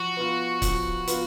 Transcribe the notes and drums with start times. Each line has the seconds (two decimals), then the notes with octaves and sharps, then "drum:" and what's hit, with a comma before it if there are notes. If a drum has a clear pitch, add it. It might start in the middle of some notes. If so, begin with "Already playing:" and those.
Already playing: F3 F#4
0.17 B3 F4
0.62 F3, drum: kick C#1, hi-hat
1.07 B3 F4, drum: hi-hat